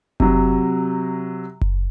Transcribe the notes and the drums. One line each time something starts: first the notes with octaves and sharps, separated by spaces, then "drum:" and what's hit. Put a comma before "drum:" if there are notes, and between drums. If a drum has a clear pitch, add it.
C3 F#3, drum: kick F#1
drum: kick F#1